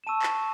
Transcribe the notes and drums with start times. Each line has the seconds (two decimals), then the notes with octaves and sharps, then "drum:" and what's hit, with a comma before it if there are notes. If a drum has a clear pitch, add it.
0.04 E7
0.07 A5 C#6 E6 D#7
0.22 drum: clap